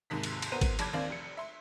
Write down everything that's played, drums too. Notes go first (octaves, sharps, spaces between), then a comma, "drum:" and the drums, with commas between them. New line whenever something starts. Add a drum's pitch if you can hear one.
D#2 G#2 C3 B6
drum: cymbal
drum: cymbal
B3 A#4 C5 D#7
drum: kick, cymbal
F#1 A5 B5 D6 G#6, drum: cymbal
D#2 C4 D5 F5
F1 C#7
E5 C6